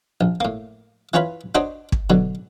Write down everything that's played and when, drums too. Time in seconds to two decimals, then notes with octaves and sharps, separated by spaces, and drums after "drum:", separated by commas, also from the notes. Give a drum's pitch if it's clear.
0.21 A#1
0.40 A2 A#3
1.14 E3 C#4 F4 B4 C#5 B5
1.55 D4 F#4 C5 C#5 D#5
1.92 drum: kick
2.10 B2 D3 F#3